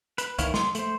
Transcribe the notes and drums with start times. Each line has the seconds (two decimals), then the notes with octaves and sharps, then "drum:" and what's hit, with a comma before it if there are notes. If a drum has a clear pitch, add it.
0.18 B4, drum: hi-hat
0.39 D#3 E3 A#3 E4 C#5, drum: kick C2, hi-hat
0.54 C6, drum: snare
0.75 A3 C5, drum: hi-hat